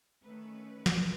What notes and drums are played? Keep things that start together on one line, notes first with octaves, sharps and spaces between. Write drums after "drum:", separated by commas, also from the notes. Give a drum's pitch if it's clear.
D#3 A3 C#4 B4
drum: snare